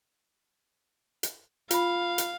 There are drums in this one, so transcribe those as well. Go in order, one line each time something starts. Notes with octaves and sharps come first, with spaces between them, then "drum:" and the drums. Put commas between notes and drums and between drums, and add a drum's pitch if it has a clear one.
drum: hi-hat
F4 F5 B5, drum: hi-hat
drum: hi-hat